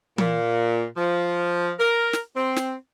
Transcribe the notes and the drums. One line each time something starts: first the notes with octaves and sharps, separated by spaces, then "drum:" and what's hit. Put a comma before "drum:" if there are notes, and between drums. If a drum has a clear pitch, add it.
A#2, drum: tom E3
F3
A#4
drum: snare
C4
drum: snare